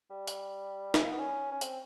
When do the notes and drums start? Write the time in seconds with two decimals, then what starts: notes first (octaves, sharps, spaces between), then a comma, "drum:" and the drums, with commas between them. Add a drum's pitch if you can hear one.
0.10 G3
0.27 drum: hi-hat
0.94 G#3, drum: snare
1.03 A#3
1.11 B3
1.19 C#4
1.52 C#4
1.61 C4, drum: hi-hat